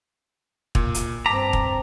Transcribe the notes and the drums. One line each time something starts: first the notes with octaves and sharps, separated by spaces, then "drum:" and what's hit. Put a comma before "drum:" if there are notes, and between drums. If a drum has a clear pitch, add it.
A#2, drum: kick
drum: hi-hat
G2 C4 A5 A#5 D6 B6
drum: kick